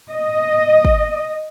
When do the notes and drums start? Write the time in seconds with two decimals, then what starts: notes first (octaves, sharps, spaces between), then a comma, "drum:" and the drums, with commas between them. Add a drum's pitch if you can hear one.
0.12 D#5
0.85 drum: kick